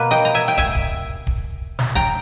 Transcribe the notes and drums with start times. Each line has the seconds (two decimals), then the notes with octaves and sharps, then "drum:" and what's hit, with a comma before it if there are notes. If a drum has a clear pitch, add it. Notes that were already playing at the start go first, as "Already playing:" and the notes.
Already playing: B2 A#3 B4
0.11 D#5 G5
0.25 A#5
0.35 E5 G#5
0.48 G5
0.58 E5 G#5, drum: kick
0.75 drum: kick
1.27 drum: kick
1.79 drum: snare
1.95 G5 A#5, drum: kick